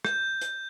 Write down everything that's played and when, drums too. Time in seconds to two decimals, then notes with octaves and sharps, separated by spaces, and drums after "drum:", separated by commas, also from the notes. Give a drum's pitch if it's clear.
0.05 G6, drum: rim click
0.41 drum: hi-hat